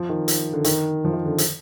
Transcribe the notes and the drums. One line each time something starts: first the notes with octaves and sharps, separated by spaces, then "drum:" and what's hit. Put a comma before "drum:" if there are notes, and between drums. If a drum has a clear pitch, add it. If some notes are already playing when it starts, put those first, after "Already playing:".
Already playing: F3
D#3
drum: hi-hat
D3
D#3, drum: hi-hat
F3
D#3
D3
drum: hi-hat